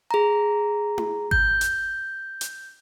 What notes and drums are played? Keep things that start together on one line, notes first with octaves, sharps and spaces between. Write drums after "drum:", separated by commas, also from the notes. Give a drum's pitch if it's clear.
G#4 A#5
drum: tom E4
G6, drum: kick G#1
drum: hi-hat
drum: hi-hat